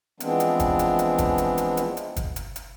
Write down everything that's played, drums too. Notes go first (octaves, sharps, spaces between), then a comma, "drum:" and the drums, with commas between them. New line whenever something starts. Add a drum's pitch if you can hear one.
E3 F3 G#3 B3 C4 D4, drum: hi-hat
drum: hi-hat
drum: kick, hi-hat
drum: hi-hat
drum: hi-hat
drum: kick, hi-hat
drum: hi-hat
drum: hi-hat
drum: hi-hat
drum: hi-hat
drum: kick, hi-hat
drum: hi-hat
drum: hi-hat